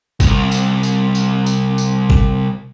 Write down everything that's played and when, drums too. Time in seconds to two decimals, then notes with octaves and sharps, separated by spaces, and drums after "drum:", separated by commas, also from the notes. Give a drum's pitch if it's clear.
0.20 C2 G#2, drum: kick G1, tambourine
0.52 drum: tambourine
0.83 drum: tambourine
1.15 drum: tambourine
1.46 drum: tambourine
1.78 drum: tambourine
2.10 drum: kick G1